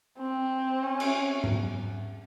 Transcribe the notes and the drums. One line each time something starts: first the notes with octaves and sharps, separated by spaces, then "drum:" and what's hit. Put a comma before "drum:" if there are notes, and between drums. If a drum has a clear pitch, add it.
C4
C#4
drum: cymbal
drum: tom G#2